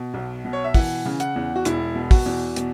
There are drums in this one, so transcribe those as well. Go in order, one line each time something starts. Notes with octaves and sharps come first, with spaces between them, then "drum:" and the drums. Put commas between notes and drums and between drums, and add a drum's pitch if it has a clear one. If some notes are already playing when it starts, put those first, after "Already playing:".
Already playing: B2
B1
B2
C#5
E5
E3 F#5, drum: kick, open hi-hat
C#3
F#5, drum: hi-hat
E2
F#4
E1 E4, drum: hi-hat
B2
F#4, drum: kick, open hi-hat
E2
B2, drum: hi-hat